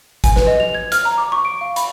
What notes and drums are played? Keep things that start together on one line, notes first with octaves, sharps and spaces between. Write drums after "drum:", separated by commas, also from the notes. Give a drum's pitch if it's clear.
G#5, drum: kick G#1, hi-hat
B4, drum: snare
D#5
F7
G#6
F6, drum: hi-hat
A#5
D6
C#6
D7
F5
B5, drum: hi-hat